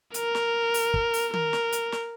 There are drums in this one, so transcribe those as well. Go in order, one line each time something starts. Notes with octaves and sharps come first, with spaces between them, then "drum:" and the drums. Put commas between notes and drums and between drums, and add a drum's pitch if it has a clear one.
A#4, drum: hi-hat
drum: snare
drum: open hi-hat
drum: kick
drum: open hi-hat
A#4, drum: tom D#3
drum: snare
drum: hi-hat
drum: snare